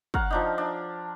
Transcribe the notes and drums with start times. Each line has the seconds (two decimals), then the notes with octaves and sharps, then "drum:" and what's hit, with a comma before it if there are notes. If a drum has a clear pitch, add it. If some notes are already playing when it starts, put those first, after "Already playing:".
0.14 C#5 F5 F#5 A#5, drum: kick
0.30 F3 D4 D#4
0.58 D4